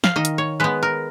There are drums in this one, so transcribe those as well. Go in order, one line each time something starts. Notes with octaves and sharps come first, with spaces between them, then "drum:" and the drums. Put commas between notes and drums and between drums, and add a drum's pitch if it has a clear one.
F5, drum: snare
D#3 D#5
drum: hi-hat
C#5
G#3 B3 B4
A#4